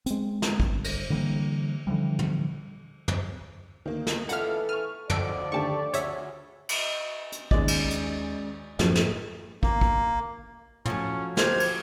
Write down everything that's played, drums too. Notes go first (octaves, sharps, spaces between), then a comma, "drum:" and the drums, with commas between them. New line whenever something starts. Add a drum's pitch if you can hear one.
G#3 C4, drum: hi-hat
drum: snare
G1, drum: kick
drum: cymbal
D3 E3 G3 A#3
D3 E3 F3 G3
drum: tom
drum: tom
D2 D#3 A#3
drum: snare
A1 E3 F4 A4 E5 F#5 F6, drum: hi-hat
C#6 F6 D#7
A1 D2 F3 A4 D5 D7, drum: tom
D3 D#3 A3 G4 A5 C#6
D2 G#4 C#5 E5, drum: hi-hat
drum: cymbal
drum: hi-hat
D#2 G#3 C#4 D5 D#5, drum: kick
drum: cymbal
drum: hi-hat
F#2 A2 F3 A3, drum: snare
drum: snare
A#3, drum: kick
drum: kick
F3 F#3 A3 C#4, drum: tom
G4 C5 F6 G#6, drum: snare
drum: cymbal